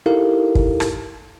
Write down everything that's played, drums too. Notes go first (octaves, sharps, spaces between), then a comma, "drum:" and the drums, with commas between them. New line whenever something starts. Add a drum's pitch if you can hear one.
D#4 E4 G4 A4 A#4 F5
drum: kick
drum: rim click